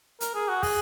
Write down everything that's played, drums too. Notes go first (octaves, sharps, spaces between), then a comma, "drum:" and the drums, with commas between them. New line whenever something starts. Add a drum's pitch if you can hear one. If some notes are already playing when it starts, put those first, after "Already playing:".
A#4, drum: hi-hat
G#4
F#4
G#4, drum: kick, open hi-hat